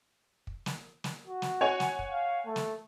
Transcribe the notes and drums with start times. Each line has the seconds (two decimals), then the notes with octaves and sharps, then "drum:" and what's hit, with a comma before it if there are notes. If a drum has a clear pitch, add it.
0.47 drum: kick
0.66 drum: snare
1.04 drum: snare
1.27 F#4
1.42 drum: snare
1.61 C#5 F#5 G#5
1.80 drum: snare
1.99 drum: kick
2.12 F5
2.46 A3
2.56 drum: snare